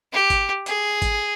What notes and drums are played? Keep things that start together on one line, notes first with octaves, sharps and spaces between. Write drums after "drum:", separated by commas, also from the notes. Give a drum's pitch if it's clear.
G4
drum: kick G#1, hi-hat
G#4, drum: hi-hat
drum: kick G#1, hi-hat